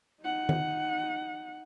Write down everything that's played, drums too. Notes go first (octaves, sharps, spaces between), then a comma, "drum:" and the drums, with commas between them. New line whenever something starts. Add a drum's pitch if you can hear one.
D#4 F#5
drum: tom D#3